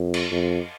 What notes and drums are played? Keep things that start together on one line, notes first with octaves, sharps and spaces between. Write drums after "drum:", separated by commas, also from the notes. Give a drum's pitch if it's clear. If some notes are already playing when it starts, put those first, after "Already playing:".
Already playing: F2
drum: cymbal
F2